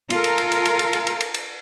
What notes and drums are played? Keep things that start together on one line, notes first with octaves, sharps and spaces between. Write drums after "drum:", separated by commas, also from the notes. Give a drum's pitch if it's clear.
F4 A4 A#4, drum: cymbal
drum: cymbal
drum: cymbal
drum: cymbal
drum: cymbal
drum: cymbal
drum: cymbal
drum: cymbal
drum: cymbal
drum: cymbal